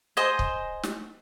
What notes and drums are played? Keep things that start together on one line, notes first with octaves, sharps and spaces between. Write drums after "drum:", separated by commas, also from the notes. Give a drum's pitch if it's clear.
C5 D#5 G#5
drum: kick
drum: snare